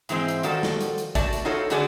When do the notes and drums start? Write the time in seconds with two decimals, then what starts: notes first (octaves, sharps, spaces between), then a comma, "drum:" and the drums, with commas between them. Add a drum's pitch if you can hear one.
0.09 G#2 E3 G#3 C4, drum: hi-hat
0.28 drum: hi-hat
0.43 D#3 F3 F#4 A4 D5, drum: hi-hat
0.63 drum: snare
0.81 drum: hi-hat
0.98 drum: hi-hat
1.15 A3 F#4 D5 A5, drum: kick, hi-hat
1.33 drum: hi-hat
1.45 D#4 F4 F#4 A4 C#5
1.70 D3 A3 F#4 G#4 D5, drum: hi-hat